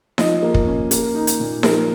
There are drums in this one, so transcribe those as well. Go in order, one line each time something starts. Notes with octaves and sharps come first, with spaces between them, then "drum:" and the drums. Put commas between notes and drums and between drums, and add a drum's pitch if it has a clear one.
F3 D#5, drum: snare D#4
A#3
drum: kick
C#4
A#3, drum: hi-hat
D#4
drum: hi-hat
A#2
F3 A#4, drum: snare D#4